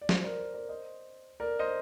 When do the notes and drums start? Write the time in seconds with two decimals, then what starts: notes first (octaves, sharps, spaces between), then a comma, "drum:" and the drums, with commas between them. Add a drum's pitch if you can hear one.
0.01 D5
0.09 C5, drum: snare
0.23 A#4 D5
0.39 C5
0.54 A#4 D5
0.69 C5 D#5
1.40 A#4 D5
1.59 C5 D#5